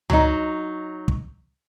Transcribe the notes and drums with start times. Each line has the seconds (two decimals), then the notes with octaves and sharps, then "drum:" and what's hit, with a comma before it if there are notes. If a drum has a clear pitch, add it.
0.10 F#3 D#4, drum: tom C#2
1.08 drum: kick